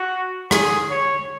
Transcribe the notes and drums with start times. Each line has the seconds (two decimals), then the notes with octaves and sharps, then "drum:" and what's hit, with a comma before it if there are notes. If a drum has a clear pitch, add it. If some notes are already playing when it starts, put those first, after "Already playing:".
Already playing: F#4
0.51 G#4, drum: rim click
0.90 C#5